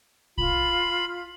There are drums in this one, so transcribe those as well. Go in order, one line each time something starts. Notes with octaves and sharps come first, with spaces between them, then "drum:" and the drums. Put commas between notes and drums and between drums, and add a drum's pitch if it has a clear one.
F4 B5, drum: kick